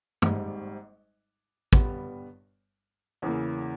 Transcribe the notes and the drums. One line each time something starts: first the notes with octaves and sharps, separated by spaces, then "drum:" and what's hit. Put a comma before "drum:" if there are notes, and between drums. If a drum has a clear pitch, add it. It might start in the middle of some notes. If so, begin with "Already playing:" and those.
G#1 G#2 G3, drum: tom
G1 G2 G3 B3, drum: kick
E2 C#3 E3 A#3